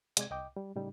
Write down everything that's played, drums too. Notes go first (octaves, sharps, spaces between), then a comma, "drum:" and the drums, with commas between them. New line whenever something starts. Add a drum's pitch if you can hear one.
C3 G#3 D5 G#6, drum: hi-hat
C2 D#5 G5 D6
G3
A2 C#3 G3 D#4